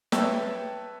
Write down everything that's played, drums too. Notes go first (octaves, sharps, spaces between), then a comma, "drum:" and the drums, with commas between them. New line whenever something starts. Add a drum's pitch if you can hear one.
B4 C#5 E5 G5 A5 E6, drum: snare